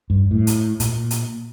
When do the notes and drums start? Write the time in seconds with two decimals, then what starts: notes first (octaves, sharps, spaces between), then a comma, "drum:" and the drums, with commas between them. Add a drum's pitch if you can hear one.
0.10 G2
0.31 A2
0.47 drum: hi-hat
0.80 A#2, drum: hi-hat
1.11 drum: hi-hat